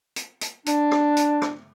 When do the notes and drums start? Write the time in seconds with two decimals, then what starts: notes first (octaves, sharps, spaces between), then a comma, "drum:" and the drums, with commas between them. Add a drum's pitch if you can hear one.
0.16 drum: hi-hat
0.41 drum: hi-hat
0.66 D4, drum: hi-hat
0.91 drum: rim click
1.17 drum: hi-hat
1.42 drum: rim click